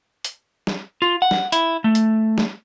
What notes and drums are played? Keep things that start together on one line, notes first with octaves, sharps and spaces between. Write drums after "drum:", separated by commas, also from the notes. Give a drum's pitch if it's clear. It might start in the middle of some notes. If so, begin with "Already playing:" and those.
drum: hi-hat
drum: snare
F4
F#5
drum: snare
E4, drum: hi-hat
A3
drum: hi-hat
drum: snare